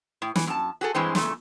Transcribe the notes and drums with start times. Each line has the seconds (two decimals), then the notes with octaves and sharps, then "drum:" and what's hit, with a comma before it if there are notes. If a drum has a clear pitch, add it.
0.22 A2
0.36 E3, drum: snare
0.47 F#2 A5
0.81 F#4 G#4 A4
0.95 G2 E3 G#3 C4
1.15 A#2 C#3 A3, drum: snare